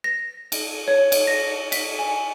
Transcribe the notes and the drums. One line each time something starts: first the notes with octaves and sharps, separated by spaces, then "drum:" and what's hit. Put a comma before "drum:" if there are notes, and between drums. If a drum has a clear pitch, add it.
A#6
drum: cymbal
C#5
drum: cymbal
A#6
B6, drum: cymbal
G#5